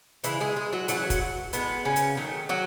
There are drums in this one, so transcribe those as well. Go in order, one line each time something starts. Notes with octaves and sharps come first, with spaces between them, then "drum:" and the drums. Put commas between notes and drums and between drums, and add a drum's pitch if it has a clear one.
C#3 E3 G#3 E4, drum: hi-hat
G#3 G#4
G#3 G#4
F#3 F#4
C#3 E3 F#3 A3 F#4, drum: hi-hat
drum: kick, hi-hat
A2 G#3 B3, drum: hi-hat
C#3 C#4
drum: hi-hat
D#3 F#3 A3
F#3 F#4